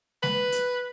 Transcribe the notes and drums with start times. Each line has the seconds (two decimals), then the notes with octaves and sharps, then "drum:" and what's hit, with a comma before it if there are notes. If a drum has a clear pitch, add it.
0.23 B4, drum: snare G#3
0.52 drum: hi-hat